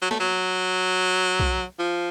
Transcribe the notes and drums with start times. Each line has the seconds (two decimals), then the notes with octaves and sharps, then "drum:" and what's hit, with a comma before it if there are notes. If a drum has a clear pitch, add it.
0.02 F#3
0.11 A3, drum: snare
0.20 F#3
1.40 drum: kick B1
1.79 F3